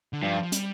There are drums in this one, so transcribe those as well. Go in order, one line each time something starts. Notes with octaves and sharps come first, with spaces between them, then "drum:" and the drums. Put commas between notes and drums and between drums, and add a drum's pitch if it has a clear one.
D3
G2 F3
F3
G3, drum: hi-hat